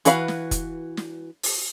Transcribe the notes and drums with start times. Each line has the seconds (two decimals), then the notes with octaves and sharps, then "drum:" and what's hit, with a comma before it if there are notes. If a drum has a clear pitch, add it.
0.05 E3 F#4 B4 F5 B5, drum: hi-hat
0.28 drum: snare
0.51 drum: kick F1, hi-hat
0.97 drum: snare
1.43 drum: open hi-hat